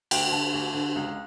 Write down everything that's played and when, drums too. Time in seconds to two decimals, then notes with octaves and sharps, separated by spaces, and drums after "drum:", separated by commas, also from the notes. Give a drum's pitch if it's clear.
0.11 D2 G5, drum: cymbal
0.32 D3 A5
0.54 D2
0.74 D3
0.96 C#2